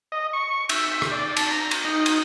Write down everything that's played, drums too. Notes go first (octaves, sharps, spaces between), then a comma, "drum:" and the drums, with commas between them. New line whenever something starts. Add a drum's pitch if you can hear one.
D#5
C#6
E5, drum: cymbal
drum: rim click
D5
A5, drum: cymbal
A#5
drum: cymbal
D#4
drum: cymbal